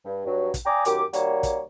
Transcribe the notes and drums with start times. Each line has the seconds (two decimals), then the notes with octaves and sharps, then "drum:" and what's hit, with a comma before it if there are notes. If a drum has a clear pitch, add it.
0.05 G2
0.26 G2 F#3
0.54 drum: kick, hi-hat
0.66 D5 G5 G#5 A#5 D6 D#6
0.85 F#2 D#3 G4 D6, drum: hi-hat
1.13 D#3 G3 A#3 F#4 C#5, drum: hi-hat
1.43 drum: kick, hi-hat